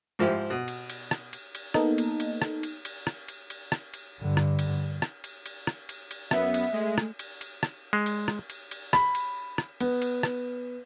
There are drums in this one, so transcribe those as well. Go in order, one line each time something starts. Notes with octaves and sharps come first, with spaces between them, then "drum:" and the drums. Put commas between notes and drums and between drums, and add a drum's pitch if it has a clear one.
G#2 F3 E4 G4
B2
drum: cymbal
drum: cymbal
drum: rim click
drum: cymbal
drum: cymbal
A#3 B3 D#4 A4, drum: rim click
drum: cymbal
drum: cymbal
drum: rim click
drum: cymbal
drum: cymbal
drum: rim click
drum: cymbal
drum: cymbal
drum: rim click
drum: cymbal
G2 D3
drum: rim click
drum: cymbal
drum: rim click
drum: cymbal
drum: cymbal
drum: rim click
drum: cymbal
drum: cymbal
F#2 B3 E5, drum: rim click
drum: cymbal
G#3 A3
drum: rim click
drum: cymbal
drum: cymbal
drum: rim click
G#3
drum: cymbal
drum: rim click
drum: cymbal
drum: cymbal
B5, drum: rim click
drum: cymbal
drum: rim click
B3, drum: cymbal
drum: cymbal
drum: rim click